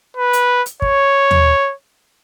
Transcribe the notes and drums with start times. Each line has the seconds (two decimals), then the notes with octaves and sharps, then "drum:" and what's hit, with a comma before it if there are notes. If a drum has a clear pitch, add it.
0.17 B4
0.33 drum: hi-hat
0.66 drum: hi-hat
0.82 C#5, drum: kick
1.31 drum: tom D#2